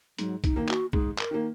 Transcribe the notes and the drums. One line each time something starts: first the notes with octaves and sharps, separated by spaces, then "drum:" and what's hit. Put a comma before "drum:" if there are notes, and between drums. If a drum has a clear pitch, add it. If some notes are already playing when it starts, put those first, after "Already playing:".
G#2 F#3, drum: hi-hat
D#4, drum: kick B1, hi-hat
D#3 A#3
F#4, drum: clap
G#2 G#4, drum: kick B1
A#4, drum: clap
D#3 A#3